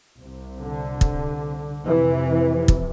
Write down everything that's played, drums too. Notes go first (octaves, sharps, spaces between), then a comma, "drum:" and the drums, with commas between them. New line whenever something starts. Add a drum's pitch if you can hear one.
C2 C3
D3
drum: kick
F2 C3 E3
drum: kick